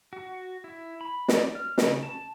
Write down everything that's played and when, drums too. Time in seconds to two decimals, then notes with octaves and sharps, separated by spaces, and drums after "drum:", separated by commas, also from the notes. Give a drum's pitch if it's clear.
0.13 F#4
0.64 E4
1.01 B5
1.28 D5, drum: snare
1.55 F6
1.78 C#3, drum: snare
2.03 A5